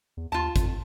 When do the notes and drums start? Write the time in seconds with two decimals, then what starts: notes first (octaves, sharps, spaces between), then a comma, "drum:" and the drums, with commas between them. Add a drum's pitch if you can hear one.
0.17 E2
0.32 D#2 F4 A5
0.56 F2, drum: kick G#1, hi-hat